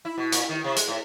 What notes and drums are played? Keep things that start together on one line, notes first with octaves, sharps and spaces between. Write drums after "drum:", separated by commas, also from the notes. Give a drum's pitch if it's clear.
E4
B2
A#2, drum: hi-hat
D#3
C3
G#3, drum: hi-hat
A2